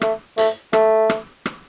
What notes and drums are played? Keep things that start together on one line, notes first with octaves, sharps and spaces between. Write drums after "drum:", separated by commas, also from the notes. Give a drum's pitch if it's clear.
A3, drum: rim click
A3, drum: hi-hat
A3, drum: rim click
drum: rim click
drum: rim click